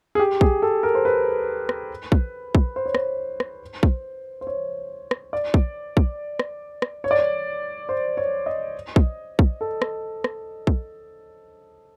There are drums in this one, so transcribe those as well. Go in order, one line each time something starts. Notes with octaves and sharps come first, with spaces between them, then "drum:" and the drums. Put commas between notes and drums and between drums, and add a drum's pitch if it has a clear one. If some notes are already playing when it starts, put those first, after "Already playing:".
G#4
G4
G#4, drum: kick
A4
A#4
C5
B4
drum: rim click
drum: kick
drum: kick
C5
C#5
C5, drum: rim click
drum: rim click
drum: kick
C5
C#5
drum: rim click
D5
drum: kick
drum: kick
drum: rim click
drum: rim click
C#5
D5
C#5
C5
C#5
D#5
drum: kick
drum: kick
A4
drum: rim click
drum: rim click
drum: kick